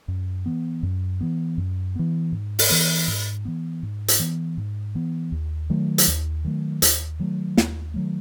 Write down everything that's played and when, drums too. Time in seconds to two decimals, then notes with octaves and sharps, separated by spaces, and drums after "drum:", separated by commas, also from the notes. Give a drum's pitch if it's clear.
0.08 F#2
0.46 E3 B3
0.83 F#2
1.21 E3 B3
1.58 F#2
1.95 E3 B3
2.32 G#2
2.59 drum: open hi-hat
2.70 E3 B3
3.08 G#2
3.45 E3 B3
3.83 G#2
4.08 drum: hi-hat
4.20 E3 B3
4.57 G#2
4.95 E3 B3
5.32 D#2
5.70 D#3 F#3 A3
5.98 drum: hi-hat
6.08 D#2
6.44 D#3 F#3 A3
6.82 D#2, drum: hi-hat
7.19 D#3 F#3 A3
7.57 D#2, drum: snare
7.94 D#3 F#3 A3